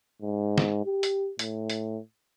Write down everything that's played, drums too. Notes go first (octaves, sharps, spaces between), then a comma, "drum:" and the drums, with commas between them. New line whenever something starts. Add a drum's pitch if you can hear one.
G#2
drum: snare
G4
drum: hi-hat
A2, drum: hi-hat
drum: hi-hat